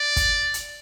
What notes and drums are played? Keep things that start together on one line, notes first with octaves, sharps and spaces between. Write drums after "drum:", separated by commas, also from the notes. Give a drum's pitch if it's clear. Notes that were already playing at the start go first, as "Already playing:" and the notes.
Already playing: D5
drum: kick, hi-hat
drum: hi-hat